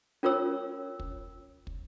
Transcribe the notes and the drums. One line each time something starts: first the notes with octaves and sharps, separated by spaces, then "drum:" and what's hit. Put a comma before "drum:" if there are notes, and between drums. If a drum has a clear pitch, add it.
C#4 F4 A#4 C#5 E6
drum: kick
drum: kick